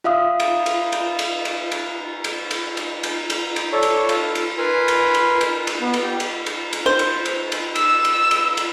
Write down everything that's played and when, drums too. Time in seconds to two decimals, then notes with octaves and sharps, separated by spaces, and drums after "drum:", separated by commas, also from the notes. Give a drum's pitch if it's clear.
0.04 F4 E5 F5 D#6
0.40 drum: cymbal
0.66 drum: cymbal
0.92 drum: cymbal
1.19 drum: cymbal
1.45 drum: cymbal
1.72 drum: cymbal
2.24 drum: cymbal
2.51 drum: cymbal
2.77 drum: cymbal
3.03 drum: cymbal
3.30 drum: cymbal
3.56 drum: cymbal
3.72 A4 C#5 D5
3.83 drum: cymbal
4.09 F4 A4, drum: cymbal
4.35 drum: cymbal
4.58 A#4 B4 G#5 B5 C6
4.88 drum: cymbal
5.14 drum: cymbal
5.41 drum: cymbal
5.67 drum: cymbal
5.81 B3
5.94 drum: cymbal
6.03 G4
6.20 drum: cymbal
6.46 drum: cymbal
6.73 drum: cymbal
6.86 C5
6.99 drum: cymbal
7.25 drum: cymbal
7.52 drum: cymbal
7.75 E6, drum: cymbal
8.05 drum: cymbal
8.31 drum: cymbal
8.57 drum: cymbal